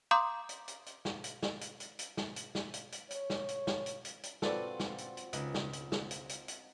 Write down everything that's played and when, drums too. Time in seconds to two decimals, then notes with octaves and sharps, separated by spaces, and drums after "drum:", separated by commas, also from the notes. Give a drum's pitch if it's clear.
0.11 F5 A#5 C6 D6 D#6 G6
0.49 drum: hi-hat
0.68 drum: hi-hat
0.86 drum: hi-hat
1.05 drum: snare
1.24 drum: hi-hat
1.43 drum: snare
1.61 drum: hi-hat
1.80 drum: hi-hat
1.99 drum: hi-hat
2.17 drum: snare
2.36 drum: hi-hat
2.55 drum: snare
2.74 drum: hi-hat
2.92 drum: hi-hat
3.10 C#5, drum: hi-hat
3.30 drum: snare
3.48 drum: hi-hat
3.67 drum: snare
3.86 drum: hi-hat
4.05 drum: hi-hat
4.23 drum: hi-hat
4.42 C4 F4 F#4 A4 B4 D5, drum: snare
4.80 drum: snare
4.98 drum: hi-hat
5.17 drum: hi-hat
5.33 C#2 D#4, drum: hi-hat
5.54 drum: snare
5.73 drum: hi-hat
5.92 drum: snare
6.11 drum: hi-hat
6.29 drum: hi-hat
6.48 drum: hi-hat